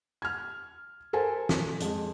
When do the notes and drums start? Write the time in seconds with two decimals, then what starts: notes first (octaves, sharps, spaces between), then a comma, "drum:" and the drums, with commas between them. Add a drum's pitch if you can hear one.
0.22 F6 G#6
1.13 A4 A#4 C5 G#5
1.49 drum: snare
1.80 F2 G#3, drum: hi-hat